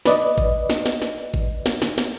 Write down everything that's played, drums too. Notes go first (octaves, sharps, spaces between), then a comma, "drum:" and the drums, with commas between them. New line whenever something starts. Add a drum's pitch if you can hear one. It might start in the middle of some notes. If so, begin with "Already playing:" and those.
B4 D5 D#5, drum: snare
drum: kick G#1
drum: snare
drum: snare
drum: snare
drum: kick G#1
drum: snare
drum: snare
drum: snare